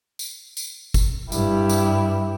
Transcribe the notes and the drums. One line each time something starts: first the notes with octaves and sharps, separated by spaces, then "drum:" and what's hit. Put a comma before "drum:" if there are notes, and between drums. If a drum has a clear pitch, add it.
drum: tambourine
drum: tambourine
drum: kick G1, tambourine
G2 E4 G4, drum: tambourine
drum: tambourine